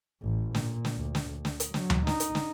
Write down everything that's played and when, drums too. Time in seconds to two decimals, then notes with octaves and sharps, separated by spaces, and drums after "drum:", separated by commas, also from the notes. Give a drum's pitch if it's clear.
0.23 A1
0.55 A#2, drum: snare
0.85 drum: snare
0.96 D2
1.15 drum: snare
1.27 D2
1.45 drum: snare
1.60 drum: hi-hat
1.74 F#3, drum: snare
1.90 drum: tom D2
2.07 D#4, drum: snare
2.20 drum: hi-hat
2.35 drum: snare